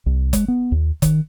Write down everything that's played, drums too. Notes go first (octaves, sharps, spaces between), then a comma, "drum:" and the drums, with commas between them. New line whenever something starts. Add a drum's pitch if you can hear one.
C2
G#3, drum: kick F#1, hi-hat
B3
D#2
D#3, drum: kick F#1, hi-hat